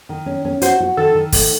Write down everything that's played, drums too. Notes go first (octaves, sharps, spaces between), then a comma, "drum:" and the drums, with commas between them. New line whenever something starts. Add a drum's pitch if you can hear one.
D#3
C#4
C#4
F#4 C5, drum: hi-hat
F#4
D#3 A4
D#3
A3, drum: kick, open hi-hat